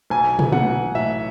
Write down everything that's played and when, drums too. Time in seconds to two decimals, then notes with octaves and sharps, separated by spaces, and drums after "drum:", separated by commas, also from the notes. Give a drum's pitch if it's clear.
0.10 B1 G#5
0.39 E3, drum: tom
0.52 F#5, drum: tom
0.67 B1
0.95 A2 E5